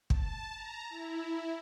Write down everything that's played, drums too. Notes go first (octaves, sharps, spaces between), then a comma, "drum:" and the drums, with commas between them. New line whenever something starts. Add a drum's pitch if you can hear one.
A5, drum: kick
A#5
E4